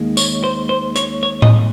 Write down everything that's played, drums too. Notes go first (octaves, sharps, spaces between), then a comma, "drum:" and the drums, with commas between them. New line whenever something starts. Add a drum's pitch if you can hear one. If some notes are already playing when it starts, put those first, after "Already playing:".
Already playing: D#2 D#3 G#3
C#5, drum: tambourine
C5
C5
C#5, drum: hi-hat
C#5
D#5, drum: tom A2